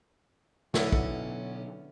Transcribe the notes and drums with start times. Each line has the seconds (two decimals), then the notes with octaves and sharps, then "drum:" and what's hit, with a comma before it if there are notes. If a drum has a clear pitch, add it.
0.74 B2 D3 F#3 B3 C#4 E4 C#5, drum: snare
0.92 drum: kick